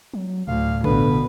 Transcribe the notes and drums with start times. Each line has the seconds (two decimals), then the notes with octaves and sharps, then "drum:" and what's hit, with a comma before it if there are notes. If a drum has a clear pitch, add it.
0.14 F#3
0.48 D2 A2 F5
0.84 B2 D3 B4, drum: kick